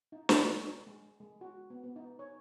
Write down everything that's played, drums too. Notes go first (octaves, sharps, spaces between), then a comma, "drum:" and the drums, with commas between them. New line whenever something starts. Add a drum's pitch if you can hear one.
D#4
D4, drum: snare
G#3
G#3
F#4
B3
B3
D#4
C#5